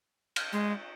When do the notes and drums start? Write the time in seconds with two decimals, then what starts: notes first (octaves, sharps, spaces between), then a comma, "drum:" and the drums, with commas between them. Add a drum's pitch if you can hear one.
0.36 drum: cymbal
0.53 G#3